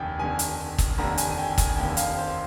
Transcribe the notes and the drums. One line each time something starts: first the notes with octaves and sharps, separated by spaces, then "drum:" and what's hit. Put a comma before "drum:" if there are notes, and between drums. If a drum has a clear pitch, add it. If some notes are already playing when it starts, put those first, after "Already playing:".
Already playing: F1 D#2 D3 G5 G#5
F1 D#2 D3 G#5
drum: hi-hat
drum: kick, hi-hat
F1 D#2 D3 A#5
G#5, drum: hi-hat
G#5
G5
G#5, drum: kick, hi-hat
F1 D#2 D3 G5
F5, drum: hi-hat
C5